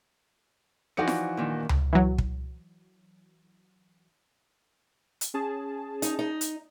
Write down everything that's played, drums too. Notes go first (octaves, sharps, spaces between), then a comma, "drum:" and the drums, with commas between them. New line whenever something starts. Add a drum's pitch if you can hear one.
E3 F3 D#4 F#4 D5 C#7
drum: snare F4
A#2 D#3 D4
drum: tom C#2
E3 F#3
drum: kick
drum: hi-hat
C#4 G#4 A5
D#4, drum: hi-hat
D#4
drum: hi-hat